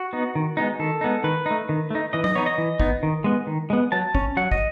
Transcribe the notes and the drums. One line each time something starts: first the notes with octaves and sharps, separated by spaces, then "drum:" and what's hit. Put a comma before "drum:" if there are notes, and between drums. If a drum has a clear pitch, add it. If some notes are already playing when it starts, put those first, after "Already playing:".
Already playing: F#4
B3 D#4
D#3
G#3 B3 D#4
D#3 A4
G#3 B3 D#4
D#3 B4
A3 D#4
D#3
A3 D#4
E3 D#5
D#5, drum: tom F#3
B3 D#4 C#5
D#5
E3
B3 D#4, drum: kick
D#3
G#3 B3
D#3
G#3 B3
F#3 A5
C#4, drum: kick
F#3 F#5
D#5, drum: kick